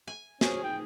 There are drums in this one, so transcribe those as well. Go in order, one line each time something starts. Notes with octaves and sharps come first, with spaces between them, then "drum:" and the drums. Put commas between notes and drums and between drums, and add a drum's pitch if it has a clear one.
G#5
C#4 F#4 G#4 C5, drum: snare
D#4 G5